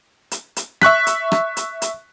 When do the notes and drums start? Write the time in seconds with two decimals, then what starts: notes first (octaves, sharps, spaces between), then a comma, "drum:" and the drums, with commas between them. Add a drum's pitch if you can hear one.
0.31 drum: hi-hat
0.56 drum: hi-hat
0.81 E5 C#6 F#6 B6, drum: rim click
1.07 drum: hi-hat
1.32 drum: rim click
1.57 drum: hi-hat
1.82 drum: hi-hat